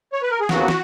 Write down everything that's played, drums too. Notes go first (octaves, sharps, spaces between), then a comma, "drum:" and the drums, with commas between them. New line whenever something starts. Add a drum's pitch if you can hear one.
C#5
B4
A#4
G#4
D#2 C#3 F#3 B3 F#4, drum: snare
drum: snare